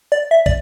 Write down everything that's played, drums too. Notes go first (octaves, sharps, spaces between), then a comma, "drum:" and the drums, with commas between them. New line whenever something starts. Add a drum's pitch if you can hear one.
D5
E5
D5, drum: kick